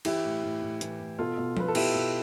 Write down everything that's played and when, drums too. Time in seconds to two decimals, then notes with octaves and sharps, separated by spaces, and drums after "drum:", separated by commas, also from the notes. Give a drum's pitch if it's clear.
0.05 E3 E4 G4, drum: cymbal
0.24 A2
0.43 A2
0.62 A2
0.81 E3, drum: hi-hat
1.00 A2
1.18 B2 F4 A4
1.38 B2
1.57 B2 B4, drum: tom F3
1.68 A4
1.75 B2 E4 G4, drum: cymbal
1.94 B2